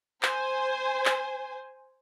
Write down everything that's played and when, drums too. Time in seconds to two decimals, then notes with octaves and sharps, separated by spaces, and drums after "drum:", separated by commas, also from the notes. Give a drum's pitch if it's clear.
0.23 C5 G#5, drum: clap
1.05 drum: clap